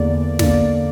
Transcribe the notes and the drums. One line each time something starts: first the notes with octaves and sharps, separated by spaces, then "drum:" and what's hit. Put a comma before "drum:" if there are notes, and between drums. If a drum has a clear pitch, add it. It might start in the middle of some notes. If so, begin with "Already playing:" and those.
Already playing: E2 D3 A#3 D5
E2 D3 A#3 D5, drum: snare